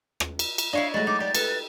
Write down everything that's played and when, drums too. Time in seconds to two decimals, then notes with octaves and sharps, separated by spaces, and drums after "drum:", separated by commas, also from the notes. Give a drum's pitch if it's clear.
0.20 drum: rim click
0.39 drum: cymbal
0.58 drum: cymbal
0.73 D4 E4 C#5 D#5 F5
0.94 F#3 G#3 A3 F#4 D#5 A6
1.07 D#4 D6
1.20 G4 D5
1.35 A4 B4, drum: cymbal